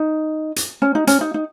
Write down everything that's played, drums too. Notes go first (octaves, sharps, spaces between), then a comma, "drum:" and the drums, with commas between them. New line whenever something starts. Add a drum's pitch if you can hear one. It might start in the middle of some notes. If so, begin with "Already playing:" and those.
Already playing: D#4
drum: hi-hat
C#4
D#4
C#4, drum: hi-hat
D#4
D#4